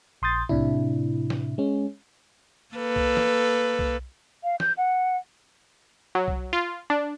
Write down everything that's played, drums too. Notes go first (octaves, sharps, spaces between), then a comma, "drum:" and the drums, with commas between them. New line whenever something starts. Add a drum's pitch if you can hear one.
A#1 C6 D#6 G6 A6
A2 C3 D4 E4, drum: kick B1
drum: snare
G#3 C#4
A#3 A4 B4
drum: kick B1
drum: snare
drum: kick B1
F5
G6, drum: snare
F#5
F#3
drum: kick B1
F4
D4